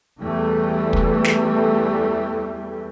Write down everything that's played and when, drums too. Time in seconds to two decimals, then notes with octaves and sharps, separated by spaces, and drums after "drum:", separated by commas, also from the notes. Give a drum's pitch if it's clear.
0.19 E2 E3 G3 A3
0.93 drum: kick
1.24 drum: snare